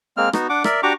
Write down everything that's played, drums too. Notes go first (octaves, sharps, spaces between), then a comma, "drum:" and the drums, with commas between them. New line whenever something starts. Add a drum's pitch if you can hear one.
G#3 A#3 C4 F6
B3 D#4 F#4, drum: rim click
D4 F#5 D6
A#4 D5 E5, drum: rim click
D4 F#4 G4 A#5 C#6 D6